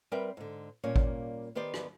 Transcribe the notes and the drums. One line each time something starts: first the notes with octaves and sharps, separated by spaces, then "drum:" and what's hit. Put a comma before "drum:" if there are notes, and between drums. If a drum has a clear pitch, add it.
G3 C4 A#4 B4 E5 G5
G#2 D3
A#2 G3 A#3 C#4 C#5
drum: kick G#1
D#3 B3 G4 C5 D5
drum: rim click